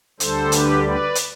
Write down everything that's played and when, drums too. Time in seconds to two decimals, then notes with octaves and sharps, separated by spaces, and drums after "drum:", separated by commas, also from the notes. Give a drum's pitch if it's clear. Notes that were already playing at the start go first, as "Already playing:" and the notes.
0.20 D2 D3 G3 A4 C5, drum: hi-hat
0.52 G4 B4, drum: hi-hat
0.84 B4 D5
1.15 drum: hi-hat